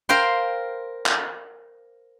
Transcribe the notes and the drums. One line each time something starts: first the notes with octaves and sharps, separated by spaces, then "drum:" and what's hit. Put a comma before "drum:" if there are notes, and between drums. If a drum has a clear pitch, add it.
A#4 C5 F5 G5 C6
drum: clap